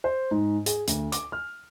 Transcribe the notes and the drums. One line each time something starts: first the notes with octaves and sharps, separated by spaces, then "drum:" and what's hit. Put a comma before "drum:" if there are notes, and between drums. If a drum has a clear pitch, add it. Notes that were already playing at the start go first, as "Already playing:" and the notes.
C5
G#2
G#4, drum: hi-hat
D2, drum: hi-hat
D6, drum: hi-hat
F6